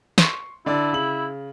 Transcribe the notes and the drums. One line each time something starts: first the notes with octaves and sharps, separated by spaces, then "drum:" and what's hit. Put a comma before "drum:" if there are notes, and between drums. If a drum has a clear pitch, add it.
C6 C#6, drum: snare
D3 E4 D5 A5
C#3 F#7